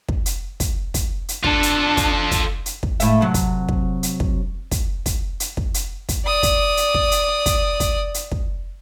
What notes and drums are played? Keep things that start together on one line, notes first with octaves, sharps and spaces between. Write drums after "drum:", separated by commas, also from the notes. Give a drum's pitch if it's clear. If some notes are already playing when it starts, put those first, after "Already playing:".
drum: kick
drum: hi-hat
drum: kick, hi-hat
drum: kick, hi-hat
drum: hi-hat
D4 F4 A4, drum: kick
drum: hi-hat
drum: kick, hi-hat
drum: kick, hi-hat
drum: hi-hat
drum: kick
A2 E5, drum: hi-hat
C3 F#3
drum: kick, hi-hat
drum: kick
drum: hi-hat
drum: kick
drum: kick, hi-hat
drum: kick, hi-hat
drum: hi-hat
drum: kick
drum: hi-hat
drum: kick, hi-hat
D5 D#6
drum: kick, hi-hat
drum: hi-hat
drum: kick
drum: hi-hat
drum: kick, hi-hat
drum: kick, hi-hat
drum: hi-hat
drum: kick